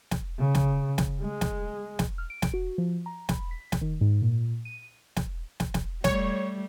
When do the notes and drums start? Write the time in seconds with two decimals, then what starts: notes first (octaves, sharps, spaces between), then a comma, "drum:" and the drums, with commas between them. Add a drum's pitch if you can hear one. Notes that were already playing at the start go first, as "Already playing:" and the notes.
0.11 drum: snare
0.39 C#3
0.55 drum: snare
0.98 drum: snare
1.21 G#3
1.41 drum: snare
1.99 drum: snare
2.18 F6
2.30 D7
2.42 drum: snare
2.54 F#4
2.78 F3
3.06 A#5
3.29 B5, drum: snare
3.51 B6
3.72 drum: snare
3.81 D#3
4.01 G#2
4.22 A#2
4.65 D#7
5.16 drum: snare
5.60 drum: snare
5.74 drum: snare
6.04 G3 A3 C#5, drum: snare